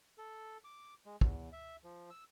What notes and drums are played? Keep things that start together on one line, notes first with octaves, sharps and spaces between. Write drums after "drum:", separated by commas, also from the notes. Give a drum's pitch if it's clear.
A4
D6
G#3
E2, drum: kick
E5
F3
E6